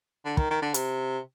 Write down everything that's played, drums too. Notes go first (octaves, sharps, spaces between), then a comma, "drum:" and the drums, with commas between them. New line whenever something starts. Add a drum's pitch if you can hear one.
D3
D#3, drum: kick
D#3
D3
C3, drum: hi-hat